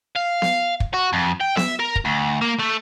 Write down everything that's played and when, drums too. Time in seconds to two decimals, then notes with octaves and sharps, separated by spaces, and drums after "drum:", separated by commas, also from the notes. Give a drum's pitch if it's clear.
0.16 F5
0.42 drum: snare B3
0.80 drum: kick
0.94 F#4
1.13 F2
1.41 G5
1.57 E5, drum: snare B3
1.80 A#4
1.96 drum: kick
2.05 D2
2.41 A#3
2.59 A3